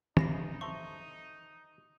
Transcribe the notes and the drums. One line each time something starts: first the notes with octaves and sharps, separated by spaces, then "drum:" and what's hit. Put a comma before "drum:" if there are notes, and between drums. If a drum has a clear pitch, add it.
E3 D#4 G4 F5 G#5 A#6 C7, drum: tom
A4 C5 E5 C#6 G7